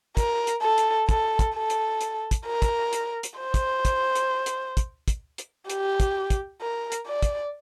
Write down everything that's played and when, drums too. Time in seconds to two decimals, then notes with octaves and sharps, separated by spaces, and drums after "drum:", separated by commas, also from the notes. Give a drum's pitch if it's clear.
0.17 A#4, drum: kick, hi-hat
0.47 drum: hi-hat
0.63 A4
0.78 drum: hi-hat
1.09 A4, drum: kick, hi-hat
1.39 drum: kick, hi-hat
1.55 A4
1.70 drum: hi-hat
2.01 drum: hi-hat
2.31 drum: kick, hi-hat
2.47 A#4
2.62 drum: kick, hi-hat
2.93 drum: hi-hat
3.23 drum: hi-hat
3.39 C5
3.54 drum: kick, hi-hat
3.85 drum: kick, hi-hat
4.15 drum: hi-hat
4.46 drum: hi-hat
4.77 drum: kick, hi-hat
5.08 drum: kick, hi-hat
5.38 drum: hi-hat
5.70 G4, drum: hi-hat
6.00 drum: kick, hi-hat
6.30 drum: kick, hi-hat
6.61 A#4
6.92 drum: hi-hat
7.07 D5
7.23 drum: kick, hi-hat